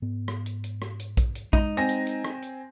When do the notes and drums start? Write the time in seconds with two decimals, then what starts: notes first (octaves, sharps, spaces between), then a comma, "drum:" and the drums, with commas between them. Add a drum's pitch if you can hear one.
0.02 G#2 B3
0.28 drum: rim click
0.46 drum: hi-hat
0.64 drum: hi-hat
0.82 drum: rim click
0.99 drum: hi-hat
1.17 drum: kick A#1, hi-hat
1.35 drum: hi-hat
1.53 G#3 D#4, drum: kick A#1
1.77 C4 G#5 A#6
1.89 drum: hi-hat
2.07 drum: hi-hat
2.25 drum: rim click
2.42 drum: hi-hat